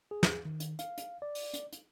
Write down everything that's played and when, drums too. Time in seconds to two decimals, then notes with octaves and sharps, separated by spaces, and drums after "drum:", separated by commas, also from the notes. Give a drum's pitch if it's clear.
0.11 G#4
0.23 drum: snare
0.45 D#3
0.60 drum: hi-hat
0.79 F5, drum: hi-hat
0.98 drum: hi-hat
1.22 D5
1.35 drum: open hi-hat
1.54 drum: hi-hat
1.73 drum: hi-hat